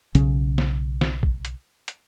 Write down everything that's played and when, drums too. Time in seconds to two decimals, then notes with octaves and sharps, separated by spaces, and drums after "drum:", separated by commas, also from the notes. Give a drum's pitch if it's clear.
0.15 B1 C#3 C#4, drum: hi-hat
0.58 drum: snare
1.01 drum: snare
1.23 drum: kick A#1
1.45 drum: hi-hat
1.88 drum: hi-hat